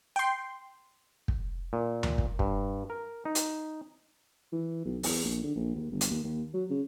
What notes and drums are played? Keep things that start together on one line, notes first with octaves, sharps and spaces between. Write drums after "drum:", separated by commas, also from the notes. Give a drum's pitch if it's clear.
G5 C6
drum: kick
A#2
drum: tom D2
drum: kick
G2, drum: kick
A#4
D#4
drum: hi-hat
E3
B1
E2, drum: open hi-hat
A#1
D3
A#1
D#2
G1
drum: hi-hat
D#2
D#2
F#3
C#3